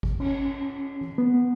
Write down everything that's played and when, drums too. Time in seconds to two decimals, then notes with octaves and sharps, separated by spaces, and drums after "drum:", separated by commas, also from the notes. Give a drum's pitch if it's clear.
0.03 drum: kick G#1
0.20 C#4, drum: cymbal
1.01 drum: tom E3
1.18 B3